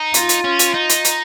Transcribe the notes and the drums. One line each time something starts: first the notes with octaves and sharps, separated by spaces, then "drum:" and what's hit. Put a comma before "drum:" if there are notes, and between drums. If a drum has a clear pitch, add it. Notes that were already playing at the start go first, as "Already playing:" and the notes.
Already playing: D#4
F4, drum: hi-hat
drum: hi-hat
C#4
drum: hi-hat
D#4
drum: hi-hat
drum: hi-hat